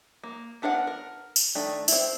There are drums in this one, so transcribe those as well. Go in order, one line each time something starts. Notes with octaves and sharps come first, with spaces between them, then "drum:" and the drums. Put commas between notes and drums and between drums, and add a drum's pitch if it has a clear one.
A#3
B3 D4 A#4 F5 F#5
A#4
drum: tambourine
D#3 A3 D4
C4 E4, drum: tambourine